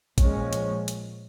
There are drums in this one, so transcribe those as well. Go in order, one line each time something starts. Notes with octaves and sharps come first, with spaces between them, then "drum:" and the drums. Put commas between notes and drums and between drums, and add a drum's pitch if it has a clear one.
A#2 F3 G#3 C#4, drum: kick, hi-hat
drum: hi-hat
drum: hi-hat